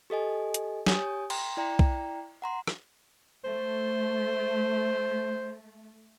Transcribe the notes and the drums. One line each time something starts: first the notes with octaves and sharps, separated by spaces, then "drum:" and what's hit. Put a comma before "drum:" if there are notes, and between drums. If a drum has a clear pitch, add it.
G4 A4 D#5 G#5
drum: hi-hat
G4 C#5 G#5 D#6 G6, drum: snare
G5 A#5 C6, drum: cymbal
E4 D5 G5 A#5
drum: kick B1
F#5 A#5 C6
drum: rim click
A3 C5